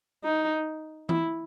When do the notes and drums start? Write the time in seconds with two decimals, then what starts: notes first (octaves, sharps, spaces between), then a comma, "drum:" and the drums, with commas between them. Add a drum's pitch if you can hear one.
0.24 D#4
1.09 E4, drum: tom E3